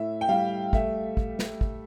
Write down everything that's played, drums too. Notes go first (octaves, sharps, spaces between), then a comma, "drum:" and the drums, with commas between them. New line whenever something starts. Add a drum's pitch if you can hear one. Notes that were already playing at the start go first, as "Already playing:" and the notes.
Already playing: A2 E5
G5
G3 F5
A3 E5, drum: kick
drum: kick
drum: snare
drum: kick